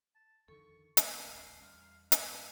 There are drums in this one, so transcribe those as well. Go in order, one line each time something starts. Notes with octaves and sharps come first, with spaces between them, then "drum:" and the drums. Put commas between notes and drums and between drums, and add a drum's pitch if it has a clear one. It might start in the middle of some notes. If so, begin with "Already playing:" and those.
A5
F2 D3 D#3 A4 C#6
B1 A3 C6, drum: hi-hat
D#1 A1 D2 A#4
E2 G3 C#4 F5
G2 B4, drum: hi-hat